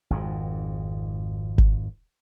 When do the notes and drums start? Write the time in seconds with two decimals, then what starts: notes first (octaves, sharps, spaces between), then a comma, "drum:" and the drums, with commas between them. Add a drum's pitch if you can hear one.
0.10 G#1 F2 G#2
1.58 drum: kick G#1